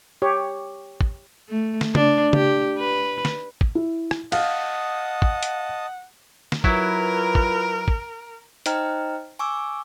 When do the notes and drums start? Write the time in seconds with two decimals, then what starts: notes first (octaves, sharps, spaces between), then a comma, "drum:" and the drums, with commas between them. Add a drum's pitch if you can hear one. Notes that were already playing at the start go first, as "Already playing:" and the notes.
0.22 G4 C#5
1.01 drum: kick
1.49 A3
1.81 drum: snare
1.95 D4, drum: tom C#3
2.33 G4, drum: tom C#3
2.78 B4
3.25 drum: snare
3.61 drum: kick
3.75 E4
4.11 drum: rim click
4.32 D#5 F5 F#5 A5 D#6, drum: cymbal
5.22 drum: kick
5.43 drum: hi-hat
6.52 drum: snare
6.64 F#3 E4 F4 A#4 B4, drum: kick
7.35 drum: kick
7.88 drum: kick
8.66 D#4 C5 D#5 G5 A#5 F6, drum: hi-hat
9.39 G#5 C#6 D6 E6